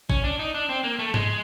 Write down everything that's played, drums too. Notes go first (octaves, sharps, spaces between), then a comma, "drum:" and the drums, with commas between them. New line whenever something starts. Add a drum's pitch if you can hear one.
C#4, drum: kick A1
D4
D#4
D4
C4
A#3
A3
G#3, drum: tom G#2